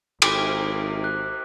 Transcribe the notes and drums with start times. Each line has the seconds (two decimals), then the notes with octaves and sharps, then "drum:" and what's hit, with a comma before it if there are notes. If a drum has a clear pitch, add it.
0.22 G#1 D6 B6, drum: cymbal
1.04 F#6